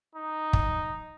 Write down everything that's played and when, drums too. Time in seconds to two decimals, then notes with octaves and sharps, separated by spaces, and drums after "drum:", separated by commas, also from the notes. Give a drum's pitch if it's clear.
0.15 D#4
0.53 drum: kick